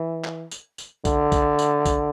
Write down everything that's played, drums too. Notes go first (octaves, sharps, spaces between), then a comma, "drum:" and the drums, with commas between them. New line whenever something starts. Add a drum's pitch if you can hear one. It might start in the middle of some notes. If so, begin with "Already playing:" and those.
Already playing: E3
drum: clap
drum: tambourine
drum: tambourine
D3, drum: kick B1, tambourine
drum: kick B1, tambourine
drum: tambourine
drum: kick B1, tambourine